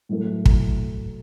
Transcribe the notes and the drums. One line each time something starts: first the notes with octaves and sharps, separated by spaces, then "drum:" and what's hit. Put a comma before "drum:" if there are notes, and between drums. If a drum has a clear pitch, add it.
A2 F#3 A3
drum: kick